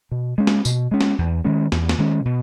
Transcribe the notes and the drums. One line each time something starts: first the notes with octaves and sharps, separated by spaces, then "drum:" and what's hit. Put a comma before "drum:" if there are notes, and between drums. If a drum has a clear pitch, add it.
B2
G#3 C#4
drum: snare
B2, drum: tambourine
G#3 C#4
drum: snare
E2
D#3 G#3 C#4
E2, drum: snare
drum: snare
D#3 G#3 C#4
B2